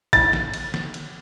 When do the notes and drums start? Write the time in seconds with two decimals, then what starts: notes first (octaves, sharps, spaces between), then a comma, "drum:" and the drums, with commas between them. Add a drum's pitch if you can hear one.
0.13 A6, drum: kick, cymbal
0.33 drum: snare
0.54 drum: cymbal
0.74 drum: snare
0.94 drum: cymbal